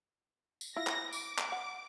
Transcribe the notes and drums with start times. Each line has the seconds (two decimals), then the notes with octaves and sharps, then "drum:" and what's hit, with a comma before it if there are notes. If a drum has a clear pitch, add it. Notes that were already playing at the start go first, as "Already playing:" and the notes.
0.61 drum: tambourine
0.76 E4 F4 A#6
0.87 drum: clap
1.13 D6, drum: tambourine
1.38 drum: clap
1.52 F#5